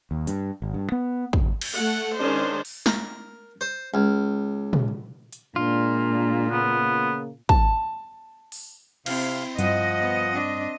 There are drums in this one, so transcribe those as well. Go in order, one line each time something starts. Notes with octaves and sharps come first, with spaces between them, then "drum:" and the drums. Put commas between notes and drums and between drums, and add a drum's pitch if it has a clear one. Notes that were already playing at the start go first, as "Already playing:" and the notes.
D#2
G2, drum: hi-hat
G#1
G2
B3
F#1, drum: kick
drum: cymbal
A3 F#5
D#3 G#3 C#4 D4 C5
drum: open hi-hat
A#4, drum: snare
C5
C#2
drum: tom
drum: hi-hat
A#2 G#3 A#3 D4 F4
C#3 A#3 B3
A5, drum: kick
drum: open hi-hat
C3 C4 E4 F5, drum: cymbal
G2 F3 D#5 F#5, drum: hi-hat
B3
C4 D4